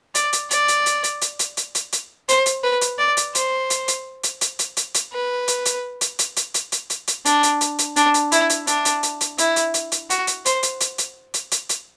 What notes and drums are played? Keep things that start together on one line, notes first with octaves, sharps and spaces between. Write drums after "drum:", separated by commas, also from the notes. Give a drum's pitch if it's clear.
D5, drum: hi-hat
drum: hi-hat
D5, drum: hi-hat
drum: hi-hat
drum: hi-hat
drum: hi-hat
drum: hi-hat
drum: hi-hat
drum: hi-hat
drum: hi-hat
drum: hi-hat
C5, drum: hi-hat
drum: hi-hat
B4
drum: hi-hat
D5
drum: hi-hat
C5, drum: hi-hat
drum: hi-hat
drum: hi-hat
drum: hi-hat
drum: hi-hat
drum: hi-hat
drum: hi-hat
drum: hi-hat
B4
drum: hi-hat
drum: hi-hat
drum: hi-hat
drum: hi-hat
drum: hi-hat
drum: hi-hat
drum: hi-hat
drum: hi-hat
drum: hi-hat
D4, drum: hi-hat
drum: hi-hat
drum: hi-hat
drum: hi-hat
D4, drum: hi-hat
drum: hi-hat
E4, drum: hi-hat
drum: hi-hat
D4, drum: hi-hat
drum: hi-hat
drum: hi-hat
drum: hi-hat
E4, drum: hi-hat
drum: hi-hat
drum: hi-hat
drum: hi-hat
F#4, drum: hi-hat
drum: hi-hat
C5, drum: hi-hat
drum: hi-hat
drum: hi-hat
drum: hi-hat
drum: hi-hat
drum: hi-hat
drum: hi-hat